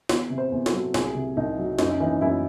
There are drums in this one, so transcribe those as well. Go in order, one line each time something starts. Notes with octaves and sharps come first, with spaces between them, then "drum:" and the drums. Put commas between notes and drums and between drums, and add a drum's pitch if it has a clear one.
E2, drum: snare
C3
C5
E2
A4, drum: snare
F#3
C2 G#4, drum: snare
C3
C2 D#4
F#3
F#2 D#4, drum: snare
C#4
E3 D#4
F#2 E4